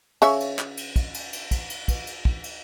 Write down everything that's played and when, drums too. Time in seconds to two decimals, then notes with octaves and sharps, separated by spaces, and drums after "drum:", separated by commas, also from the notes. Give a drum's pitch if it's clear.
0.22 C#3 C#5 E5, drum: cymbal
0.40 drum: cymbal
0.59 drum: clap
0.77 drum: cymbal
0.96 drum: kick, cymbal
1.14 drum: cymbal
1.33 drum: cymbal
1.51 drum: kick, cymbal
1.70 drum: cymbal
1.88 drum: kick, cymbal
2.07 drum: cymbal
2.25 drum: kick
2.44 drum: cymbal